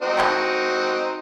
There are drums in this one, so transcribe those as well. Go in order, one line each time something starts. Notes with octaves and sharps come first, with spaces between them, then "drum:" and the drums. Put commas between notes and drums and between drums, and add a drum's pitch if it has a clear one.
C4 D#4 F#4
drum: clap